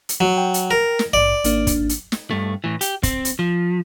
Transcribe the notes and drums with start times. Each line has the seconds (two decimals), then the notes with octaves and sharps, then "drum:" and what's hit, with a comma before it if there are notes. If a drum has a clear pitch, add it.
0.09 drum: hi-hat
0.20 F#3
0.37 G5
0.54 drum: hi-hat
0.71 A#4
0.99 drum: snare
1.13 A#1 G#2 D5
1.44 G#1 A#3 D4, drum: hi-hat
1.67 drum: kick, hi-hat
1.89 drum: hi-hat
2.12 drum: snare
2.31 G2 A3
2.64 A2 E3
2.81 G4, drum: hi-hat
3.03 C4, drum: kick, hi-hat
3.25 drum: hi-hat
3.39 F3